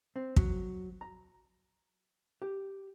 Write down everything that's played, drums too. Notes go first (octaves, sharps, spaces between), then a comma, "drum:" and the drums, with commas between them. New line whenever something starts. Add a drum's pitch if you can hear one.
C4
F#3, drum: kick
A#5
G4